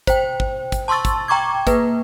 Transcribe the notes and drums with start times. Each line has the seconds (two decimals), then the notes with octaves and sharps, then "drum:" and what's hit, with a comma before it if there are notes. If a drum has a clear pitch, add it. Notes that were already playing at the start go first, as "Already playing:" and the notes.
0.07 C5 G5, drum: kick, hi-hat
0.40 drum: kick
0.72 drum: kick, hi-hat
0.88 A5 C6 C#6 E6 A6
1.05 drum: kick, hi-hat
1.28 G5 A#5 C#6 D6 G#6
1.67 A#3 B4, drum: kick, hi-hat